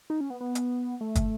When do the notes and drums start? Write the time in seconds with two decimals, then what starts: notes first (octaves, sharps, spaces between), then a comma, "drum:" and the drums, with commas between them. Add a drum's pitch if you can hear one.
0.10 D#4
0.21 C#4
0.30 B3
0.41 B3
0.55 drum: hi-hat
1.01 A3
1.15 drum: kick, hi-hat